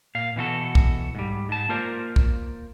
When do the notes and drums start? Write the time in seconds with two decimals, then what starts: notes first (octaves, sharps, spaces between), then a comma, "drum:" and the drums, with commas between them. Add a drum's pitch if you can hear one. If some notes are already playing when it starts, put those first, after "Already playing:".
0.15 A#2 F5
0.36 B2 E3 F#4 A4
0.75 drum: kick
1.15 G#2 G3
1.49 G#2 A5
1.69 A#3 F4 A#4 C5 D5
2.16 drum: kick